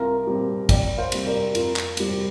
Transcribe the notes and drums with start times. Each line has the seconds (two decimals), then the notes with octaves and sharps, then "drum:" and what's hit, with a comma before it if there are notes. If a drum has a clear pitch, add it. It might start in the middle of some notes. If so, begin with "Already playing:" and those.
Already playing: C2 F4 A#4
0.27 A#2 G3 C4
0.69 F2 D5 G5, drum: kick, cymbal
0.98 C5 F5
1.12 C3 G3 A#3, drum: cymbal
1.26 A#4 D5
1.55 F2 F4 A#4, drum: cymbal
1.76 drum: clap
1.97 C3 G3 C4, drum: cymbal